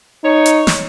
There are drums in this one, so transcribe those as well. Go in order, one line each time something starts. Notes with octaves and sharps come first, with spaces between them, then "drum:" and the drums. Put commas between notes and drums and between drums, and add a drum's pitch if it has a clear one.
D#4 C#5
drum: hi-hat
drum: snare